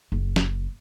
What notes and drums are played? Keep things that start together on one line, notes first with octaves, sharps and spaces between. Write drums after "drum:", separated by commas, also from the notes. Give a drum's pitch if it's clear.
F#1
drum: snare